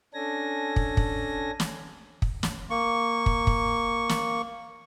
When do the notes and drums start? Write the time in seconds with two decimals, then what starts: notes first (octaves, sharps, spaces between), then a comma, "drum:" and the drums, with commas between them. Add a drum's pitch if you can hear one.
0.14 C#4 D4 A4 G#5 A#6
0.76 drum: kick
0.97 drum: kick
1.60 drum: snare
2.22 drum: kick
2.43 drum: snare
2.70 A#3 C#6
3.26 drum: kick
3.47 drum: kick
4.09 drum: snare